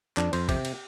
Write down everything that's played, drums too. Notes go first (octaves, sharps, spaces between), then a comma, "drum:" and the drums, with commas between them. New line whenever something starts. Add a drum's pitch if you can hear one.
F2 D4, drum: clap
F2 C5, drum: cymbal
C3 G4, drum: kick, cymbal
drum: cymbal